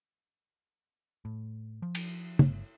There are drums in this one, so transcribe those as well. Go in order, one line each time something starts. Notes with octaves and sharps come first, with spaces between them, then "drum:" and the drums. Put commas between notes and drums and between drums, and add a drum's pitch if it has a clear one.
A2
F3
drum: cymbal
G1, drum: tom